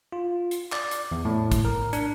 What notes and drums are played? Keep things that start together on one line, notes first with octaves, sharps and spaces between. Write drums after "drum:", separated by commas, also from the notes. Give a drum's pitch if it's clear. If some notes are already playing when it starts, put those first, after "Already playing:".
F4
drum: hi-hat
D5, drum: clap
drum: hi-hat
E2
A2
drum: kick, hi-hat
A#4
D4, drum: hi-hat